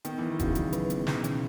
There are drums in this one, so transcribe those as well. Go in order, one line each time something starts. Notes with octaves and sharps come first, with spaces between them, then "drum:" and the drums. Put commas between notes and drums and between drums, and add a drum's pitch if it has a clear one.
D#3 B3, drum: hi-hat
E3 B3
D#3
C#3 F#4, drum: kick F1, hi-hat
F#3, drum: hi-hat
B4, drum: hi-hat
B3, drum: hi-hat
B2, drum: snare
C#4, drum: hi-hat